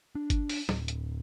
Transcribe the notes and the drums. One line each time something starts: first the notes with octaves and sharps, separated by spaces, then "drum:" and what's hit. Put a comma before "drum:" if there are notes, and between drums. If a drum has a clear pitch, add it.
D4
drum: kick G1, hi-hat
drum: open hi-hat
D1, drum: snare
drum: hi-hat